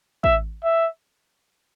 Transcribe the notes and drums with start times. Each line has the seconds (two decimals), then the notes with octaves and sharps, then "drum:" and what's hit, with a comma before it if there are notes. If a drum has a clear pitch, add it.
0.24 E5, drum: kick A1
0.64 E5